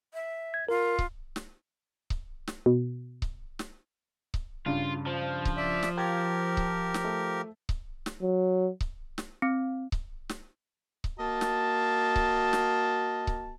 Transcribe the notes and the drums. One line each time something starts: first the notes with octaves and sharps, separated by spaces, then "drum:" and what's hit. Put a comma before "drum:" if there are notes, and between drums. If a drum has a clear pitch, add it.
E5
G#6
F4 A#4
drum: kick C#1
drum: snare
drum: kick C#1
drum: snare
B2
drum: kick C#1
drum: snare
drum: kick C#1
G2 C#3 F4
F3
drum: kick C#1
D5 E5
drum: snare
G4 A#4 G5 G#6 A6
drum: kick C#1
drum: snare
A3 E5
drum: kick C#1
drum: snare
F#3
drum: kick C#1
drum: snare
C4
drum: kick C#1
drum: snare
drum: kick C#1
A#3 F#4 D#5 A5
drum: snare
drum: kick C#1
drum: snare
drum: kick C#1